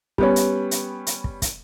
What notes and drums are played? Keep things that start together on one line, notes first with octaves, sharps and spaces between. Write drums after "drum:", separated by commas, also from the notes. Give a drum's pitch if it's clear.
G3 B3 C#4, drum: kick
drum: hi-hat
drum: hi-hat
drum: hi-hat
drum: kick
drum: kick, hi-hat